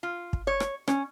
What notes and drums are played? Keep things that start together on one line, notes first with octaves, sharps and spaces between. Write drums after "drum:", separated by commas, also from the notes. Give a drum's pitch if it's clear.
F4
drum: kick
C#5
drum: rim click
C#4, drum: rim click